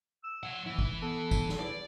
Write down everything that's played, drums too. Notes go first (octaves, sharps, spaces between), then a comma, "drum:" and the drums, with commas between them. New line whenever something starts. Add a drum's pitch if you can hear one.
E6
F3 F#5
E3 E4
drum: kick
B3 A4
drum: kick, tambourine
drum: snare
E2 E4 D5